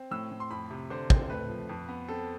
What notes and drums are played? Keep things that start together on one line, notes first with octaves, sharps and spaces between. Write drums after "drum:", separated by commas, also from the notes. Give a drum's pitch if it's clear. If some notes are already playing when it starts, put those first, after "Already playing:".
Already playing: C4
A2 E6
A2
C6
F2 B5
C3
D3 C5
C4, drum: kick
A3 B4
F3
F2
B3
C4 A4